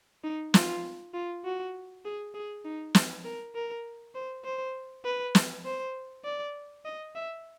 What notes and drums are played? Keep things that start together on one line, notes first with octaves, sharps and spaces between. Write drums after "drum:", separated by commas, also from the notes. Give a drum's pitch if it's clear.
D#4
F4, drum: snare
F4
F#4
G#4
G#4
D#4
drum: snare
A#4
A#4
C5
C5
B4
drum: snare
C5
D5
D#5
E5